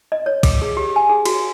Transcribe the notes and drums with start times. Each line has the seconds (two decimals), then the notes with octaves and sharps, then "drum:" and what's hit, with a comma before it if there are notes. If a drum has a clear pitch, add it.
0.12 D#5
0.26 C#5
0.43 D6, drum: kick, cymbal
0.62 G#4
0.77 G4
0.96 G#5
1.10 G#4
1.25 F#4, drum: cymbal